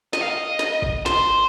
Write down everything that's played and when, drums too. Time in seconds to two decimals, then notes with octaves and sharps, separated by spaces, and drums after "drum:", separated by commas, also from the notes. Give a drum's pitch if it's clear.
0.13 D#5, drum: snare
0.21 F5
0.29 D#5
0.59 drum: snare
0.82 drum: kick
1.06 C5, drum: snare